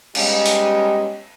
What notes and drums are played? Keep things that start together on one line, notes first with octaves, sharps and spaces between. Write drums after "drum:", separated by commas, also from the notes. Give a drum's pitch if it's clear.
G3 G#3 B3 C#4 D#4 G4, drum: cymbal
drum: open hi-hat